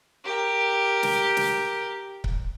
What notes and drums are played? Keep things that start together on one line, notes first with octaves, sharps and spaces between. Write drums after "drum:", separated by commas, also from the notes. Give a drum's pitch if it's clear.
G4 A#4
drum: snare
drum: snare
drum: kick C#1